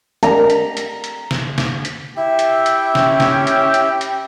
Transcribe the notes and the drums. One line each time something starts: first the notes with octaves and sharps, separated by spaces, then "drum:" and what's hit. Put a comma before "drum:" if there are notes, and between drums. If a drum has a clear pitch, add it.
A#5, drum: hi-hat
drum: hi-hat
drum: hi-hat
drum: hi-hat
drum: snare
drum: snare
drum: hi-hat
E4 G4 E5
drum: hi-hat
drum: hi-hat
C#4, drum: snare
drum: snare
drum: hi-hat
drum: hi-hat
drum: hi-hat